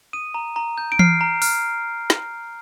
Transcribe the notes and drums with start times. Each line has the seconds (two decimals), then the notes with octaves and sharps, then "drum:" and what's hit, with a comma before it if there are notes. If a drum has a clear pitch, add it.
0.13 D#6 D#7
0.34 A#5
0.56 A#5
0.78 G6
0.92 D7
0.99 F6 C7, drum: tom E3
1.21 A#5
1.42 F6, drum: open hi-hat
2.10 drum: snare